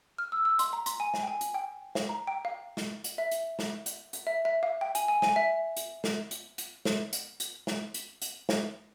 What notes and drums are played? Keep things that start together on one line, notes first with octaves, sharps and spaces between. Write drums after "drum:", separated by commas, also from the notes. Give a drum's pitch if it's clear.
F6
E6
E6
C6, drum: hi-hat
A#5
C6, drum: hi-hat
G#5
drum: snare
G5
G#5
drum: hi-hat
G5
drum: snare
A#5
G5
F5
drum: snare
drum: hi-hat
E5
drum: hi-hat
drum: snare
drum: hi-hat
drum: hi-hat
E5
E5
F5
G5
G#5, drum: hi-hat
G#5
G#5, drum: snare
E5
drum: hi-hat
drum: snare
drum: hi-hat
drum: hi-hat
drum: snare
drum: hi-hat
drum: hi-hat
drum: snare
drum: hi-hat
drum: hi-hat
drum: snare